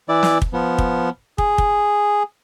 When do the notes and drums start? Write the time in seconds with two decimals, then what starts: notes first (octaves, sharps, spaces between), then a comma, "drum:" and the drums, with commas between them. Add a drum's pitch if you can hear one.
0.09 E3 E4 D5
0.23 drum: snare
0.42 drum: kick
0.53 F3 B3
0.78 drum: kick
1.38 G#4, drum: kick
1.58 drum: kick